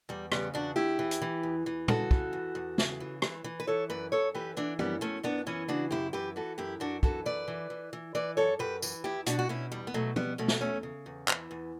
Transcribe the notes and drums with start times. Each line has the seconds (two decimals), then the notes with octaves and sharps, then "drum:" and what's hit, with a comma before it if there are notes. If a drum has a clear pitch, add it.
0.09 E2 G3
0.32 C#3 G3 B3, drum: rim click
0.54 E2 D4 F#4
0.76 E2 E4 G4
0.99 E3
1.11 drum: hi-hat
1.22 E3
1.43 E2
1.66 E3
1.88 C#3 F#4 A4, drum: tom
2.11 E3, drum: kick
2.33 E2
2.55 E2
2.78 C#3, drum: snare
3.00 E3
3.22 E3, drum: rim click
3.44 E3
3.60 B4
3.67 E3 A4 C#5
3.90 F#2 B4 D5
4.12 F#2 A4 C#5
4.34 E3 G4 B4
4.57 E3 B3 D4
4.79 F#2 G3 B3, drum: tom
5.01 F#2 A3 C#4
5.23 F#2 B3 D4
5.47 E3 C#4 E4
5.68 C#3 D4 F#4
5.91 F#2 E4 G4
6.13 E3 G4 B4
6.36 E3 F#4 A4
6.58 F#2 E4 G4
6.80 F#2 D4 F#4
7.03 E3 F#4 A4, drum: kick
7.26 F#2 B4 D5
7.48 E3
7.70 E3
7.93 E3
8.15 E3 B4 D5
8.37 F#2 A4 C#5
8.59 F#2 G4 B4
8.82 E3, drum: tambourine
9.04 E2 E4 G4
9.26 B2 D4 F#4, drum: hi-hat
9.39 F#4
9.49 B2 C#4 E4
9.72 E2 G3
9.87 B3
9.94 B2 F#3 A3
10.16 B2 G3 B3, drum: tom
10.38 B2 A3 C#4
10.48 drum: snare
10.61 E2 A3 C#4
10.83 C#3
11.06 E2
11.28 E3, drum: clap
11.51 E2